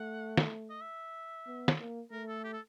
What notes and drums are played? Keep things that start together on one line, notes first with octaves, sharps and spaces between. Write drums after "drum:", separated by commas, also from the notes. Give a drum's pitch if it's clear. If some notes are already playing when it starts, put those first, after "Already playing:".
Already playing: A3 F#5
drum: snare
D#5
E5
B3
drum: snare
A#3
A3 A#4
A4
G4
A4